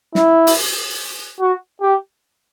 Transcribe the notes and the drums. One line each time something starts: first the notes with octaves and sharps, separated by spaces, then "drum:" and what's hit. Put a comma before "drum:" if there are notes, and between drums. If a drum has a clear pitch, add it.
E4, drum: snare
drum: open hi-hat
F#4
G4